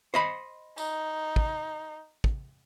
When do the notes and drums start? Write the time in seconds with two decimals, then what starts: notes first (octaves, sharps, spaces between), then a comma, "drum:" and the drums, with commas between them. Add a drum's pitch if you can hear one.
0.14 C5 D#5 B5
0.78 D#4, drum: tambourine
1.36 drum: kick
2.24 drum: kick